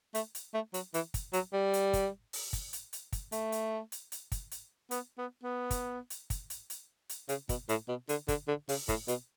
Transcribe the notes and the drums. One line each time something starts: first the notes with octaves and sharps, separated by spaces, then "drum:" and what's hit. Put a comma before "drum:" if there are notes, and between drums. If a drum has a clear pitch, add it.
A3, drum: hi-hat
drum: hi-hat
A3
F#3, drum: hi-hat
E3, drum: hi-hat
drum: kick, hi-hat
F#3, drum: hi-hat
G3
drum: hi-hat
drum: kick, hi-hat
drum: open hi-hat
drum: kick, hi-hat
drum: hi-hat
drum: hi-hat
drum: kick, hi-hat
A3, drum: hi-hat
drum: hi-hat
drum: hi-hat
drum: hi-hat
drum: kick, hi-hat
drum: hi-hat
B3, drum: hi-hat
B3
B3
drum: kick, hi-hat
drum: hi-hat
drum: kick, hi-hat
drum: hi-hat
drum: hi-hat
drum: hi-hat
C#3, drum: hi-hat
B2, drum: kick, hi-hat
A2, drum: hi-hat
B2
D3, drum: hi-hat
D3, drum: kick, hi-hat
D3
C#3, drum: open hi-hat
A2, drum: kick, hi-hat
B2, drum: hi-hat